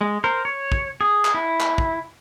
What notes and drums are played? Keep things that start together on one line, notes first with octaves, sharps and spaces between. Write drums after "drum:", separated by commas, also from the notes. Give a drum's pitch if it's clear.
G#3
A#4 C5
C#5
drum: kick
G#4
drum: clap
E4
drum: clap
drum: kick